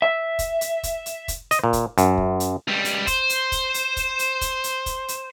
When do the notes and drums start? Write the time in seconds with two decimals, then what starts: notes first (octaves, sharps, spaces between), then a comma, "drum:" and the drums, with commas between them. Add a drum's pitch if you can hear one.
0.02 E5
0.39 drum: kick, hi-hat
0.61 drum: hi-hat
0.83 drum: kick, hi-hat
1.06 drum: hi-hat
1.28 drum: kick, hi-hat
1.51 D#5, drum: hi-hat
1.64 A#2
1.73 drum: kick, hi-hat
1.98 F#2, drum: hi-hat
2.18 drum: kick
2.40 drum: hi-hat
2.68 C#2 G3
2.85 drum: hi-hat
3.07 C5, drum: kick, hi-hat
3.29 drum: hi-hat
3.52 drum: kick, hi-hat
3.74 drum: hi-hat
3.97 drum: kick, hi-hat
4.19 drum: hi-hat
4.41 drum: kick, hi-hat
4.64 drum: hi-hat
4.86 drum: kick, hi-hat
5.08 drum: hi-hat